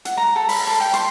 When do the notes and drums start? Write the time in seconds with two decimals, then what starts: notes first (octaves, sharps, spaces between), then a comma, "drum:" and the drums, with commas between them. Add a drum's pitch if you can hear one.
0.05 F#5, drum: hi-hat
0.17 A#5
0.36 A4
0.49 B5, drum: open hi-hat
0.67 A4
0.80 G5
0.94 C6, drum: hi-hat